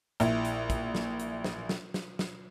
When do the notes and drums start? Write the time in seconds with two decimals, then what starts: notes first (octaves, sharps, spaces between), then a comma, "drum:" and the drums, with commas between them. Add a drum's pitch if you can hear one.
0.20 A#1 E4, drum: hi-hat
0.45 drum: hi-hat
0.70 drum: kick, hi-hat
0.95 drum: snare
1.20 drum: hi-hat
1.44 drum: snare
1.69 drum: snare
1.94 drum: snare
2.19 drum: snare